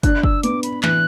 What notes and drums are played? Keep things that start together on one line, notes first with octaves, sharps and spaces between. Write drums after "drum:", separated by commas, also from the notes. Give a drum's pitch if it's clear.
D4 F#6, drum: kick, hi-hat
E6, drum: kick
B3 D6, drum: hi-hat
B5, drum: hi-hat
E3 F#6, drum: clap